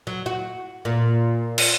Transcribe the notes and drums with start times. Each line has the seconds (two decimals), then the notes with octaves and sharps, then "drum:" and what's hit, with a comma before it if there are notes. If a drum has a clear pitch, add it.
0.07 F#3
0.26 F#4
0.85 A#2
1.58 drum: cymbal